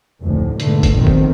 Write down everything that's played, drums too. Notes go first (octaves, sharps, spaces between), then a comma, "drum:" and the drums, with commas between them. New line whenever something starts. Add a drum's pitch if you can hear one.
F1 D2 A2
G#2 B2 D3 A3, drum: hi-hat
drum: kick G#1, hi-hat
B1 F2 A#2 D#3 C4
drum: kick G#1